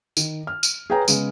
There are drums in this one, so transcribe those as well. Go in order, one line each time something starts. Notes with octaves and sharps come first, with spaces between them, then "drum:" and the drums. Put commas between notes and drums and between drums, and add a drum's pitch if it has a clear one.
D#3, drum: tambourine
F6
drum: tambourine
G#4 B4 C#5 G5 G#5 A#5
C#3 G#3 B3, drum: tambourine